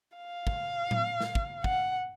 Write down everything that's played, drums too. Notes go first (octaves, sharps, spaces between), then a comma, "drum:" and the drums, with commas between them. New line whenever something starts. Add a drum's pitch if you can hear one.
F5
drum: kick
drum: tom A2
drum: snare
drum: kick
F#5, drum: kick